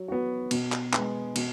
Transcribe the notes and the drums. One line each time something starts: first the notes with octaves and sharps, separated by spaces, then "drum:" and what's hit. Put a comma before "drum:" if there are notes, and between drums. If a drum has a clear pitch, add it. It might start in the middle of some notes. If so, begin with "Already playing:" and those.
Already playing: F#3
B3 F#4
B2, drum: cymbal
drum: clap
G#3 B3, drum: clap
B2, drum: cymbal